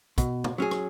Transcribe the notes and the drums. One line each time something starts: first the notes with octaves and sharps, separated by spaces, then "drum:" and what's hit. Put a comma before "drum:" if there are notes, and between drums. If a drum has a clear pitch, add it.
B2, drum: kick, hi-hat
drum: tom
F#3 C#4 G#4
drum: rim click